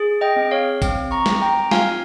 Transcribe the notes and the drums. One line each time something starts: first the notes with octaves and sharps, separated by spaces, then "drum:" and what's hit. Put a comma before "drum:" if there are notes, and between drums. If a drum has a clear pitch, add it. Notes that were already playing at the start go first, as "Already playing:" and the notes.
Already playing: G#4
D#5 G5
C4
C#5 F5
C4, drum: kick A1, tambourine
A#5 C#6
C4, drum: snare
G5 A#5
F4 F5 G#5, drum: snare